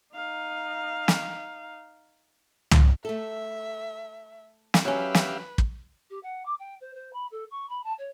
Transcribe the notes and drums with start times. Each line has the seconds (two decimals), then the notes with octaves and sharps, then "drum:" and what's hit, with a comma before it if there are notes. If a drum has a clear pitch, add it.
0.15 D#4 F5
1.08 drum: snare
2.71 drum: tom
3.05 A3 A4 E5
4.74 drum: snare
4.85 F#3 C#4 G4 B4 E5 F5
5.15 drum: snare
5.58 drum: kick
6.10 G4
6.23 F#5
6.45 D6
6.59 G5
6.81 C5
6.94 C5
7.13 B5
7.31 A4
7.51 C#6
7.69 B5
7.84 A5
7.98 C#5